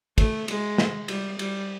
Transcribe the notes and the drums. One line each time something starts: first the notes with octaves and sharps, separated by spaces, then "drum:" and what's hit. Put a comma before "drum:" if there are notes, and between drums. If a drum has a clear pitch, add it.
A3, drum: kick, cymbal
G#3, drum: cymbal
drum: snare
G3, drum: cymbal
G3, drum: cymbal